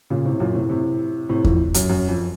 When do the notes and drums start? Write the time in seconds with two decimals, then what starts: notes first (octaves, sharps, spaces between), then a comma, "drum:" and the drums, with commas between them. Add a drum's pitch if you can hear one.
0.10 A#2 C#3
0.25 A2 C3
0.40 F#2 A#2
0.55 A2 C3
0.70 A2 C3
1.29 A2 C3
1.44 F2 A2, drum: kick E2
1.74 F#2, drum: hi-hat
1.89 F#2
2.09 F2